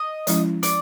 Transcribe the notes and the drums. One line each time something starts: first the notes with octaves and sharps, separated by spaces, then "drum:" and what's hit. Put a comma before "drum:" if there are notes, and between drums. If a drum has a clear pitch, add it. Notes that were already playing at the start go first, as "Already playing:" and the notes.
Already playing: D#5
F3 G#3 C#4 E4, drum: hi-hat
D5, drum: hi-hat